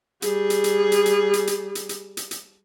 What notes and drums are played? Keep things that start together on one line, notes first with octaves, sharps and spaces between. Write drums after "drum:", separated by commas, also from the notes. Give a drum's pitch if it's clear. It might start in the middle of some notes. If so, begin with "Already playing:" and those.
G3 G#4, drum: hi-hat
drum: hi-hat
drum: hi-hat
drum: hi-hat
drum: hi-hat
drum: hi-hat
drum: hi-hat
drum: hi-hat
drum: hi-hat
drum: hi-hat
drum: hi-hat